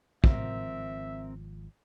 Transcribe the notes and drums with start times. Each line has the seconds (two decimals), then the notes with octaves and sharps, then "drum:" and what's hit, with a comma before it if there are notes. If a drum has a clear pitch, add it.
0.24 G#1 F3 C4 A#4 E5, drum: kick